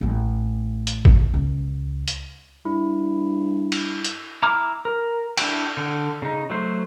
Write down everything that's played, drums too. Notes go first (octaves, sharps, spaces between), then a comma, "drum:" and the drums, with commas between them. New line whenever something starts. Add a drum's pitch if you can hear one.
A1 A3
drum: hi-hat
drum: kick A1
C#2
drum: hi-hat
G2 E4
drum: cymbal
drum: hi-hat
E4 A#5 D6 F6
A#4
D4 E4 F#4 G5, drum: cymbal
D3
C#3 D#4
F#3 A3 C5